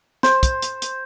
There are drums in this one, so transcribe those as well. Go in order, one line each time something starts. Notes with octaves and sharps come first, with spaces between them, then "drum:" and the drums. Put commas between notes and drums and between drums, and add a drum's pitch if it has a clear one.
C5, drum: snare
drum: kick, hi-hat
drum: hi-hat
drum: hi-hat